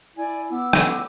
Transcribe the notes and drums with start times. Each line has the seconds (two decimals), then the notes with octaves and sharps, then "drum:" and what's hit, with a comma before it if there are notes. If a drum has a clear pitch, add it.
0.16 E4 D5 G#5
0.51 B3 D6 E6
0.73 drum: rim click